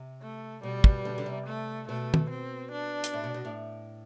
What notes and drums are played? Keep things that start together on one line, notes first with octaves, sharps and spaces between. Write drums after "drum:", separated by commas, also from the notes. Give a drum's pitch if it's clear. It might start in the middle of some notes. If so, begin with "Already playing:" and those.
Already playing: C3
A3
B2 G3
B2, drum: kick
B2 D3
D3
C3
A3
B2 A3
drum: tom
C4
D4
drum: hi-hat
A2
B2
B2
A2